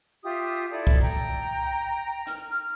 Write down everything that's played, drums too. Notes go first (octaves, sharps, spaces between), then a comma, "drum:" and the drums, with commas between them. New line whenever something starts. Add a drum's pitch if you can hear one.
F4 G4 E5 D#6
E4 A4 D5
drum: kick C2
G5 A#5
F6, drum: hi-hat